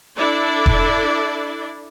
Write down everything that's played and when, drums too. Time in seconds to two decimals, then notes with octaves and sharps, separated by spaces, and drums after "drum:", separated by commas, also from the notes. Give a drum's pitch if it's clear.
0.16 D4 E4 A4 D5
0.66 drum: kick E1